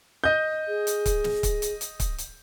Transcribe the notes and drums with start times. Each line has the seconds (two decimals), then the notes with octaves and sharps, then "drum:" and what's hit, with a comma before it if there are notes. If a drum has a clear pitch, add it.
0.24 D#5 G6
0.68 G#4
0.87 drum: hi-hat
1.06 drum: kick C#1, hi-hat
1.24 drum: snare
1.43 drum: kick C#1, hi-hat
1.62 drum: hi-hat
1.81 drum: hi-hat
2.00 drum: kick C#1, hi-hat
2.18 drum: hi-hat